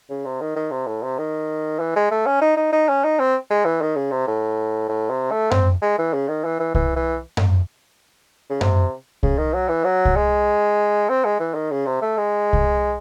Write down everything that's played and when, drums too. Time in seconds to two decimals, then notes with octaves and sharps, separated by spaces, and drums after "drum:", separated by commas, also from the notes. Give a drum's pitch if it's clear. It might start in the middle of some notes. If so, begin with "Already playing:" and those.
0.10 C#3
0.25 C3
0.41 D#3
0.56 D#3
0.71 C3
0.87 A2
1.03 C3
1.18 D#3
1.79 E3
1.96 G#3
2.11 A3
2.26 C#4
2.41 D#4
2.57 D#4
2.72 D#4
2.88 C#4
3.04 D#4
3.19 C4
3.50 G#3
3.65 E3
3.82 D#3
3.96 C#3
4.11 C3
4.27 A2
4.89 A2
5.10 C3
5.31 A3
5.51 C4, drum: tom F#2
5.82 G#3
5.98 E3
6.14 C#3
6.28 D#3
6.44 E3
6.60 E3
6.75 E3, drum: kick C2
6.96 E3
7.37 drum: tom F#2
8.50 C#3
8.61 C3, drum: tom F#2
9.23 C#3, drum: kick C2
9.38 D#3
9.54 F#3
9.69 E3
9.84 F#3
10.05 drum: kick C2
10.16 G#3
11.09 C4
11.25 G#3
11.40 E3
11.54 D#3
11.71 C#3
11.87 C3
12.02 A3
12.18 G#3
12.53 drum: kick C2